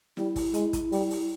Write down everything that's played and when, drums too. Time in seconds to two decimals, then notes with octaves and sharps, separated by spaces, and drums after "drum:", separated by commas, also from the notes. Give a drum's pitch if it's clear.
0.17 G3 E4, drum: snare
0.36 drum: kick, open hi-hat
0.54 G#3, drum: hi-hat
0.73 drum: kick, hi-hat
0.92 G3, drum: open hi-hat
1.11 drum: open hi-hat